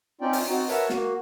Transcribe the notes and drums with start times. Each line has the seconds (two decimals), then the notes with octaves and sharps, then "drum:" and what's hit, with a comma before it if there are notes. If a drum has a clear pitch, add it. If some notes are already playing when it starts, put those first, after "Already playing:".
0.21 C4 C#4 D#4 F4 D5 G5
0.33 drum: open hi-hat
0.48 C4 D#4 F#4
0.69 A#4 B4 C#5 E5 F#5 A5, drum: hi-hat
0.90 A#3 F#4, drum: snare